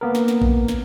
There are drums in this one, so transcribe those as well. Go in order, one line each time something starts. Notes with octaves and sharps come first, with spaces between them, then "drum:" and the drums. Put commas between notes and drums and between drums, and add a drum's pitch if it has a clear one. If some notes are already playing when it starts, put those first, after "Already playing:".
A#3 B3 A#4
drum: snare
drum: snare
drum: kick A1
drum: snare